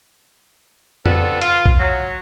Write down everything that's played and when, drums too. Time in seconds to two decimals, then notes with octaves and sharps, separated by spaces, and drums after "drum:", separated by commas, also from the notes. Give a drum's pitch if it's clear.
1.06 B3 C4 D4 F4 A4, drum: tom F2
1.41 F4, drum: hi-hat
1.66 drum: kick A#1
1.80 F#3